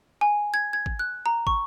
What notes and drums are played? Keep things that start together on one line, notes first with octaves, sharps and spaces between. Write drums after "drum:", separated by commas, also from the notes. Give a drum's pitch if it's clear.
G#5
G#6
G#6
drum: kick
F#6
A#5
C#6, drum: kick